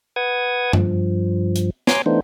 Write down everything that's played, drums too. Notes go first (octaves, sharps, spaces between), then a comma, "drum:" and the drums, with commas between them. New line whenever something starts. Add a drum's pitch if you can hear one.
B4 F#5 D#6 G#6
G2 F3, drum: tom F#2
drum: hi-hat
C#5 G#5 A#5 C6 D6, drum: snare
E3 A3 B3 D4 D#4 C5